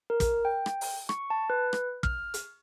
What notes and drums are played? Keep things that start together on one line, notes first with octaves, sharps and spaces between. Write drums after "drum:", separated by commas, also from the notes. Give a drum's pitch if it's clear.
A#4
drum: kick, hi-hat
G5
drum: rim click
drum: open hi-hat
C#6, drum: rim click
A5
B4
drum: rim click
F6, drum: kick
drum: hi-hat